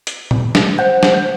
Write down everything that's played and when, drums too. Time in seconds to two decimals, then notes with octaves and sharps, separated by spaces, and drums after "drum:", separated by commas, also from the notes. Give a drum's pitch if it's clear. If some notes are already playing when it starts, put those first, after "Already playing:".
0.07 drum: hi-hat
0.31 drum: tom A#2
0.55 drum: snare
0.79 C5 F#5
1.03 drum: snare